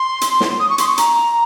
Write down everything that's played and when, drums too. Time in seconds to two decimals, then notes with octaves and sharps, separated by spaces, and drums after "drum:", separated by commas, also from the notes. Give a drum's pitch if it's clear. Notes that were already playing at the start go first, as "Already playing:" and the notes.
Already playing: C6
0.21 drum: hi-hat
0.40 drum: snare
0.59 D#6
0.69 C#6
0.78 C6, drum: hi-hat
0.87 C#6
0.98 A#5, drum: hi-hat